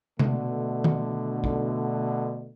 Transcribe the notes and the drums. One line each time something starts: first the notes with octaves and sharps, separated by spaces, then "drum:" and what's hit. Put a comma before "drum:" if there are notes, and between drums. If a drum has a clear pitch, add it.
B2 D3 A3, drum: tom C3
drum: tom D#3
drum: kick